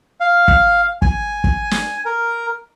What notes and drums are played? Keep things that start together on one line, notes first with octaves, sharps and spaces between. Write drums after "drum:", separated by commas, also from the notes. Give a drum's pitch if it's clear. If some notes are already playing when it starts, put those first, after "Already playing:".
F5
drum: kick
G#5, drum: kick
drum: kick
drum: snare
A#4